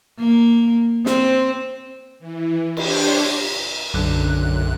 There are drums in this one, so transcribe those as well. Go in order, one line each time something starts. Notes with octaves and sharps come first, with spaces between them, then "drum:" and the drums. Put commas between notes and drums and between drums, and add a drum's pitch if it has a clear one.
A#3
C4, drum: snare
E3
D4 G4 C5 C#5, drum: cymbal
B1 F#2 D3 D4 B4 F#6